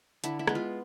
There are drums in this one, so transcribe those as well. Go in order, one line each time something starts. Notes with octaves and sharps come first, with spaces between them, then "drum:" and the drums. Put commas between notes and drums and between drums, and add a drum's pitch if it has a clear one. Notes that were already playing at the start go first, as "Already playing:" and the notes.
D3 E4, drum: hi-hat
E4
G#3 B3, drum: rim click
F4